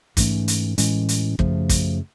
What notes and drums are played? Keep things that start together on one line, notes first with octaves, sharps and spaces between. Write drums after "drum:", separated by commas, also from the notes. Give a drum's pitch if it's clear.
G#2 E3 A3 C#4, drum: kick, hi-hat
drum: hi-hat
A2 E3 G#3 C#4, drum: hi-hat
drum: hi-hat
F#2 C#3 F3 A3, drum: kick
drum: kick, hi-hat